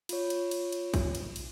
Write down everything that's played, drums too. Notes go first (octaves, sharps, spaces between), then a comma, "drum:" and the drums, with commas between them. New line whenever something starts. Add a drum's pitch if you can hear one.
F4 C#5, drum: cymbal
drum: cymbal
drum: cymbal
drum: cymbal
drum: kick, cymbal
drum: cymbal
drum: cymbal